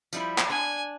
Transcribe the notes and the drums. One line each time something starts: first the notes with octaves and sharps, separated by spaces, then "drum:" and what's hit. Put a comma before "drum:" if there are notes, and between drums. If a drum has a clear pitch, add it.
F3 G3 E4, drum: tambourine
drum: clap
D4 G#5